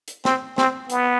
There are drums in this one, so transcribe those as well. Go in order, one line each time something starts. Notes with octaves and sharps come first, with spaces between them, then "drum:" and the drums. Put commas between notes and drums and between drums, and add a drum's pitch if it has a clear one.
drum: hi-hat
C4, drum: snare
C4, drum: snare
B3, drum: hi-hat